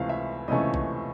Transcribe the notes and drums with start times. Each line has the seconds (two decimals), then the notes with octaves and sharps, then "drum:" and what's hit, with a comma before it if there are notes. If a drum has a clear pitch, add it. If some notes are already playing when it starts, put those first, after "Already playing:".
Already playing: C#2 C3 E3 A3 C#4 F5
0.09 E5
0.48 C#2 C3 E3 A3 C#4 D#5
0.74 drum: kick